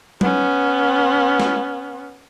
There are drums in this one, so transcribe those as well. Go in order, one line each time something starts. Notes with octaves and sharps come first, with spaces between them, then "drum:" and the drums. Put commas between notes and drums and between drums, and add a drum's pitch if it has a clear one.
B3 C#4, drum: tom F#3
drum: snare